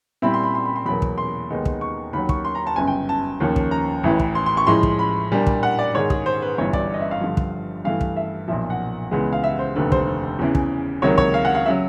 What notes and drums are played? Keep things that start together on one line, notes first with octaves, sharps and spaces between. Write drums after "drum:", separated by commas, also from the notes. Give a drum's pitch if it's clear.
A#2 G3 C4 E4 B5
C6
B5
C6
B5
C6
E2 B2 F#3 A#3 B5
drum: kick
C6
D#2 D#3 G#3 B3 D#4
drum: kick
C#6
D#2 D#3 F#3 B5
C#6, drum: kick
C6
A#5
A5
G1 F#2 C#3 G#5
G5
A5
D#2 C#3 F3 A#3 C#4
drum: kick
A#5
A1 A2 E3
drum: kick
C6
C6
C#6
A2 F3 G#3 C6
drum: kick
B5
A#2 G3 A#3 D4
drum: kick
F#5
D5
G#2 D#3 G#3 C#5
G#4, drum: kick
C5
B4
G1 G2 E3 C#5
D5, drum: kick
D#5
E5
F5
G2 D3 F3
drum: kick
G2 E3 A3 F5
drum: kick
E5
B1 A#2 F3 E5
F#5
C#2 C#3 E3 G#3 B3
F5
E5
C5
F1 D#2 D3 B4
C5, drum: kick
E2 C#3 E3
drum: kick
C#2 C3 D#3 F#3 A#3 C#5
C#5, drum: kick
F5
F#5
F5
C#3 F#3 E5